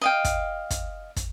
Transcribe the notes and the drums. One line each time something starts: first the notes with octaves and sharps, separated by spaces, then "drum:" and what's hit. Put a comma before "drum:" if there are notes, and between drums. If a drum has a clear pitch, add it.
D#5 F5 G5
drum: kick, hi-hat
drum: kick, hi-hat
drum: kick, hi-hat